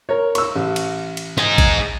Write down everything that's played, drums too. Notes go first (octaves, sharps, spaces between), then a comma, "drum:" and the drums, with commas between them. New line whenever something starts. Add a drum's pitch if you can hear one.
A#4 C#5
C#6 E6, drum: cymbal
A1
drum: cymbal
drum: cymbal
D#4 G#4, drum: snare
drum: kick A1, cymbal